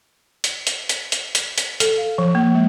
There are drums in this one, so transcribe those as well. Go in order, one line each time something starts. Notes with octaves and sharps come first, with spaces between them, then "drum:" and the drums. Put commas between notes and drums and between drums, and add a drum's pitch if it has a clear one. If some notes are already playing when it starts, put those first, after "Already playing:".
drum: hi-hat
drum: hi-hat
drum: hi-hat
drum: hi-hat
drum: hi-hat
drum: hi-hat
A4, drum: hi-hat
F5
F3
A#3
G#3